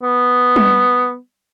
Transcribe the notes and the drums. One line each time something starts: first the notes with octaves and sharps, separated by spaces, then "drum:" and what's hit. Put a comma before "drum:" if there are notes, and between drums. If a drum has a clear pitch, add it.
B3
drum: tom G3